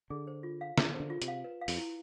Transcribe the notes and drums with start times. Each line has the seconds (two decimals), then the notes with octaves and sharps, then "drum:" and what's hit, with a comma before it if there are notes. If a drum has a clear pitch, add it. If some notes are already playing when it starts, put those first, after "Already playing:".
0.10 D3 G#4
0.27 C5
0.43 F4
0.61 F5
0.78 G#4, drum: snare
0.94 C5
1.00 D3
1.10 F4
1.22 C3, drum: hi-hat
1.28 F5
1.44 B4
1.61 F5
1.68 F2, drum: open hi-hat
1.77 E4